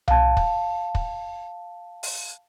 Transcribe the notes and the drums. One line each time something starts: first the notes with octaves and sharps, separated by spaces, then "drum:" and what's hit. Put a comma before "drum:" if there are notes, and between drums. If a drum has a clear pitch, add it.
F5 A5, drum: tom B1
drum: kick
drum: kick
drum: open hi-hat